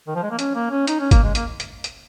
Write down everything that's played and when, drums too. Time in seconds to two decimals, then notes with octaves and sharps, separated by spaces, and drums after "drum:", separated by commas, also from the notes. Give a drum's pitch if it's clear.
0.08 D#3
0.15 F3
0.23 G#3
0.31 A#3
0.39 C#4, drum: hi-hat
0.55 A#3
0.71 C#4
0.87 D#4, drum: hi-hat
0.99 C#4
1.11 A#3, drum: kick, hi-hat
1.23 G#3
1.35 A#3, drum: hi-hat
1.60 drum: hi-hat
1.84 drum: hi-hat